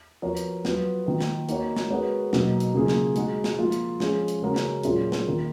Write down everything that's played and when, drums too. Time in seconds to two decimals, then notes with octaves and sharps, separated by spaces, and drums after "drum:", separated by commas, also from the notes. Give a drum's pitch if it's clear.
0.22 F3 B3 F#4 A#4 C#5
0.37 drum: hi-hat
0.65 F#3 B3 F4, drum: snare
1.06 D#3 A#3 F4 A#4
1.21 drum: snare
1.49 A#3 D#4 F#4 A#4 C#5, drum: hi-hat
1.76 drum: snare
1.90 G#3 B3 F#4 A#4 C#5
2.33 B2 F#3 A#3 D#4, drum: snare
2.60 drum: hi-hat
2.74 C#3 F#3 A#3 F4 G#4
2.88 drum: snare
3.16 G#3 D#4 F#4, drum: hi-hat
3.44 drum: snare
3.59 F3 A#3 F4
3.72 drum: hi-hat
4.00 F3 G#3 C#4 F4 G#4, drum: snare
4.28 drum: hi-hat
4.42 C#3 G#3 C#4 F#4 A#4
4.56 drum: snare
4.84 A#2 F#3 C#4 F4 G#4, drum: hi-hat
5.12 drum: snare
5.27 D#3 A#3 F4 A#4